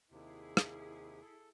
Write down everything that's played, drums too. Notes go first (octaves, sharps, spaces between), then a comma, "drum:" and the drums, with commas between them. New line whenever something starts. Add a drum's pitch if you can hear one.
D#2 C3 E4 G#4
drum: rim click
A4